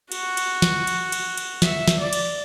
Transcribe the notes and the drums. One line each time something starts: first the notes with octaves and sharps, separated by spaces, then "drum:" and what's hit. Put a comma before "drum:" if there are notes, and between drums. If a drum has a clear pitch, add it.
F#4, drum: cymbal
drum: cymbal
drum: snare
drum: cymbal
drum: cymbal
drum: cymbal
E5, drum: snare
drum: snare
D5
drum: cymbal